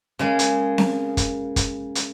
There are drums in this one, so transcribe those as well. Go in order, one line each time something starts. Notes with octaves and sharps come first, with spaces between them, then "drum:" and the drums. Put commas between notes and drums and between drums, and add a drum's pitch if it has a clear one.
C#3 G#3 A#3
drum: hi-hat
drum: snare C4
drum: kick, hi-hat
drum: kick, hi-hat
drum: hi-hat